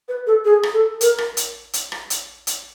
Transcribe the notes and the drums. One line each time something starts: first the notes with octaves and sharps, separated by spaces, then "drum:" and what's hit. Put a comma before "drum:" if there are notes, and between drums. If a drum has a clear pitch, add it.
B4
A4
G#4
drum: rim click
A4
A#4, drum: hi-hat
drum: rim click
drum: hi-hat
drum: hi-hat
drum: rim click
drum: hi-hat
drum: hi-hat